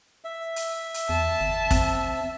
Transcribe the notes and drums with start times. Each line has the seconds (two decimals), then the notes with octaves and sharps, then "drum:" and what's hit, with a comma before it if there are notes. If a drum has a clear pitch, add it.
0.24 E5
0.56 drum: hi-hat
0.94 drum: hi-hat
1.09 E2 A5
1.41 G1
1.70 C4, drum: kick, hi-hat